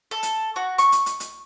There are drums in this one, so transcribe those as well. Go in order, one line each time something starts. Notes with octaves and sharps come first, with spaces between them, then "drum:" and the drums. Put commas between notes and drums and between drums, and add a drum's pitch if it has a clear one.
A4
drum: hi-hat
F#4
C#6, drum: hi-hat
drum: hi-hat
drum: hi-hat
drum: hi-hat